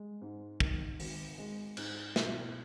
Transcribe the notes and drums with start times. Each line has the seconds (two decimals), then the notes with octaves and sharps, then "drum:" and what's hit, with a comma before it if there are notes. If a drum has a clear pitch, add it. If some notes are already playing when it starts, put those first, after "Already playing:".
Already playing: G#3
0.21 G#2
0.60 D#3, drum: kick
1.00 G#1, drum: open hi-hat
1.38 G#3
1.77 G#2, drum: cymbal
2.16 B2, drum: snare